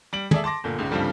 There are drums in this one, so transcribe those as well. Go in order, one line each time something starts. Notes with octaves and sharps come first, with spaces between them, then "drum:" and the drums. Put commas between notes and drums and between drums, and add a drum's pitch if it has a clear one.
G3 D7 F#7
G#4 A4 D5 E5, drum: tom
A5 C6 D6 A#6
G1 A#2 D3
C#2 G#2 C#3
C2 G2 C#3 F3 G3 A3